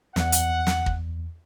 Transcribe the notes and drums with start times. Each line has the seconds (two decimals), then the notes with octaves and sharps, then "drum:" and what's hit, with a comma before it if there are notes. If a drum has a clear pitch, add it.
0.16 E2 F#5, drum: snare
0.32 drum: hi-hat
0.67 drum: snare
0.86 drum: kick